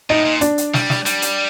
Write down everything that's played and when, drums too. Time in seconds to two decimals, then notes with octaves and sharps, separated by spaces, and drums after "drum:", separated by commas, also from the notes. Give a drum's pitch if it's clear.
0.10 A2 D#4
0.26 A#2
0.41 D4, drum: hi-hat
0.58 drum: hi-hat
0.74 G3, drum: snare
0.90 drum: snare
1.06 G3, drum: hi-hat
1.22 drum: hi-hat